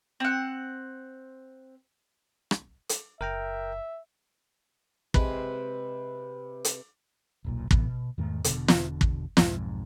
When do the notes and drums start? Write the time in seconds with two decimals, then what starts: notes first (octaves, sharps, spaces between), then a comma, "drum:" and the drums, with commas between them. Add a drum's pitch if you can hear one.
0.20 C4 F#5
2.51 drum: rim click
2.89 drum: hi-hat
3.21 F#1 A#4 E5 G5 A#5
5.14 C3 G#3 B4, drum: kick
6.65 drum: hi-hat
7.44 D#1 B1 A#2
7.71 A2 C3 E3 B3, drum: kick
7.86 B2
8.18 E2 G#2 D#3 A3
8.44 E1 B1 B2 D3, drum: hi-hat
8.68 drum: snare
9.01 drum: kick
9.37 B1 F2 G#2, drum: snare